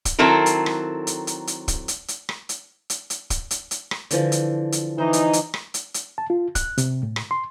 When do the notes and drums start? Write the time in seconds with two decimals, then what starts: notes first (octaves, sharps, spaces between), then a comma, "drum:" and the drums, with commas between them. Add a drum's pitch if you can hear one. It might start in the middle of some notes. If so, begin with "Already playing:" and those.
0.05 drum: kick, hi-hat
0.19 D#3 F#3 C4 E4 A4 A#4
0.46 drum: hi-hat
0.66 drum: rim click
1.07 drum: hi-hat
1.27 drum: hi-hat
1.47 drum: hi-hat
1.68 drum: kick, hi-hat
1.88 drum: hi-hat
2.08 drum: hi-hat
2.29 drum: rim click
2.49 drum: hi-hat
2.90 drum: hi-hat
3.10 drum: hi-hat
3.30 drum: kick, hi-hat
3.51 drum: hi-hat
3.71 drum: hi-hat
3.91 drum: rim click
4.11 D3 E3 F3, drum: hi-hat
4.32 drum: hi-hat
4.72 drum: hi-hat
4.98 E3 D#4 C5
5.13 drum: hi-hat
5.33 drum: hi-hat
5.54 drum: rim click
5.74 drum: hi-hat
5.94 drum: hi-hat
6.18 A5
6.30 F4
6.55 F#6, drum: kick, hi-hat
6.78 C3, drum: hi-hat
7.03 A2
7.16 drum: rim click
7.31 C6